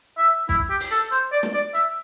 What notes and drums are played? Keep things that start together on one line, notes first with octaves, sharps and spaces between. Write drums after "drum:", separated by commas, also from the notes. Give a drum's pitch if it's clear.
E5
E4, drum: kick, hi-hat
G4
drum: open hi-hat
A4
C5, drum: hi-hat
D5
drum: snare
D5
E5, drum: hi-hat